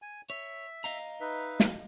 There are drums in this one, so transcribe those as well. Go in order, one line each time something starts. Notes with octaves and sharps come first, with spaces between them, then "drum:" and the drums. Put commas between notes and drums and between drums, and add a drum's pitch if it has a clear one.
G#5
C#5 E5
D#5 F5 A#5
D#4 B4 E5
drum: snare